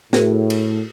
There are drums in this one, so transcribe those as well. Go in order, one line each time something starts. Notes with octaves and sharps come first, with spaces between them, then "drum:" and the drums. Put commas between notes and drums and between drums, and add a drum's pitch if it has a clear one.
A2 F#4 G#4 A#4, drum: snare
drum: cymbal